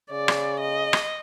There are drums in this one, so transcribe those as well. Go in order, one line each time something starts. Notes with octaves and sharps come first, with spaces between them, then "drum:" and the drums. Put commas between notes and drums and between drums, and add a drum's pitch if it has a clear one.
C#3 D5
drum: rim click
D#5
drum: rim click